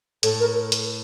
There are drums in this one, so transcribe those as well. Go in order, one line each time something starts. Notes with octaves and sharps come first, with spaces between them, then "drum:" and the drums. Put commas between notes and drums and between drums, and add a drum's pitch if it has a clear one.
A2 A4, drum: hi-hat
A#4
drum: hi-hat